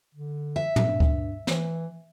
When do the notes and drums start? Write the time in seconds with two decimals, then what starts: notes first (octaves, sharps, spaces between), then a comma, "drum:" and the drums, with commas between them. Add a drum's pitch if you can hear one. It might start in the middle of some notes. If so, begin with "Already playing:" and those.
0.15 D3
0.56 E5
0.76 G2, drum: tom
1.00 drum: kick D2
1.47 E3, drum: snare